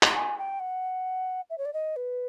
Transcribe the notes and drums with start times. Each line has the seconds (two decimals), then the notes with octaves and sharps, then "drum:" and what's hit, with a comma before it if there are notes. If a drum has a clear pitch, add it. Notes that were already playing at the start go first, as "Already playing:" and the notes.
0.03 drum: clap
0.15 G#5
0.38 G5
0.60 F#5
1.50 E5
1.58 C#5
1.65 D5
1.73 D#5
1.96 B4